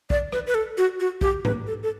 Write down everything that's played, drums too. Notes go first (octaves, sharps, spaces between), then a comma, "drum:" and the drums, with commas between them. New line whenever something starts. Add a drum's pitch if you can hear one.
D5, drum: kick
B4, drum: rim click
B4
A4
F#4
F#4
G4, drum: kick
B4, drum: tom G#2
A4
A4